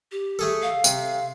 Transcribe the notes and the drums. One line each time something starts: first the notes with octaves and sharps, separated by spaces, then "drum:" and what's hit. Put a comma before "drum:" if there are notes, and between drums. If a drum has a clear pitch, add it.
G4
A3 G#4 A4
F5
C3, drum: tambourine